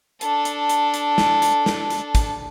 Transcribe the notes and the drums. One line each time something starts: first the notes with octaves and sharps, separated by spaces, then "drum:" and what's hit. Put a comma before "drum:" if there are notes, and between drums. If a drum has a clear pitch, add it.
D4 A4, drum: hi-hat
drum: hi-hat
drum: hi-hat
drum: hi-hat
drum: snare
drum: hi-hat
drum: snare
drum: hi-hat
drum: kick, hi-hat